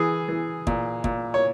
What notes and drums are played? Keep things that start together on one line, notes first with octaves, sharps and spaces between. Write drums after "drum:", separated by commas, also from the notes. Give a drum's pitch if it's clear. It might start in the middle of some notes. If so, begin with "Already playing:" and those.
Already playing: E3 G#4
E3
A#2, drum: kick
A#2, drum: kick
C#5